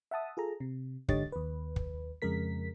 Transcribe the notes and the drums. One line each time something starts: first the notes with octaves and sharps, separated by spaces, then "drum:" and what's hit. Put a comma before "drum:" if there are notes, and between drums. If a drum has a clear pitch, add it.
E5 F#5 A5 D#6
F4 G#4 A4 A#5
C3
G#2 D3 G4 C#5 D#5 A6, drum: kick
D#2 B4
drum: kick
F2 C#3 G#3 A#4 B6